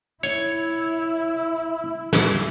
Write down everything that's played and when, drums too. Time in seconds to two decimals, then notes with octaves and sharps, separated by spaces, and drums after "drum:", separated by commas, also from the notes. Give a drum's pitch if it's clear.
0.23 E4 C#5, drum: hi-hat
2.13 drum: snare